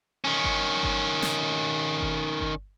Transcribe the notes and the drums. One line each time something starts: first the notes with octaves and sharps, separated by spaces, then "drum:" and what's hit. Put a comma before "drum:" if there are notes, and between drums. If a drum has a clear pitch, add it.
D#3 C#4
drum: kick G1
drum: kick G1
drum: snare
drum: kick G1
drum: kick G1